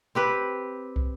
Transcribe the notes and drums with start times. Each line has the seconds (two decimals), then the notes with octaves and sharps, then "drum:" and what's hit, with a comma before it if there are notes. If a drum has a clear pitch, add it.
0.15 C4 G4 B4
0.96 drum: kick